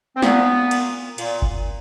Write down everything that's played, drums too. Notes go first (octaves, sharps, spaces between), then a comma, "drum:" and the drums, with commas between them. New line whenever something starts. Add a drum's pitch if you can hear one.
C4
A#2 B3, drum: snare
A#2, drum: cymbal
A#2, drum: cymbal
drum: kick G1